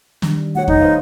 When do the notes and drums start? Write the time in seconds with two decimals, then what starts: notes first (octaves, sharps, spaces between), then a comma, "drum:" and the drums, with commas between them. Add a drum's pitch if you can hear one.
0.22 D#3 G3 D4, drum: snare
0.55 A3 F#4 C#5 F#5
0.68 D#4, drum: kick E2
0.80 B4 C5 F5